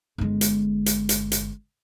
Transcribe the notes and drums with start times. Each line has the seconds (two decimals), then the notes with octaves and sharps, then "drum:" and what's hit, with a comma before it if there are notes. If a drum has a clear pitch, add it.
0.18 G1 G#3
0.41 drum: hi-hat
0.86 drum: hi-hat
1.09 drum: hi-hat
1.32 drum: hi-hat